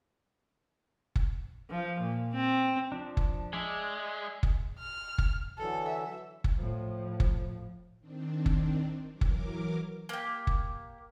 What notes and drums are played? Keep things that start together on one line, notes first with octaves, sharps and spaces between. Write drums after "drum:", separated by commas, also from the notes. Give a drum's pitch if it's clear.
drum: kick F#1
F3
A#2
C4
F3 D4
drum: kick F#1
G#3 G#4 D5 E5
drum: kick F#1
F6
drum: kick F#1
D3 E3 F#3 A4
E5
drum: kick F#1
A2 F3
drum: kick F#1
D#3 C4 D4
drum: kick F#1
E3 F#3 A#4 D6
drum: kick F#1
A#3 G4
drum: kick F#1